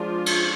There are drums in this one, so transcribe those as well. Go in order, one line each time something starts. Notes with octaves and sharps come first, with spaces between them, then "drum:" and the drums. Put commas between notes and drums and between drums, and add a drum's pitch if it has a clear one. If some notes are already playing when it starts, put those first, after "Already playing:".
Already playing: F3 G#3 D4 F4
drum: cymbal